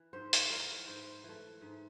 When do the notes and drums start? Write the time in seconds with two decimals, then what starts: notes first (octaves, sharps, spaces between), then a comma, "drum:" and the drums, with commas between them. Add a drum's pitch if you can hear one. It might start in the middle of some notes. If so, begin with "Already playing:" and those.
Already playing: E3
0.13 G#2 C5
0.33 drum: hi-hat
0.50 E3 A3 A#4
0.87 G#2 C5
1.24 E3 A3
1.61 G#2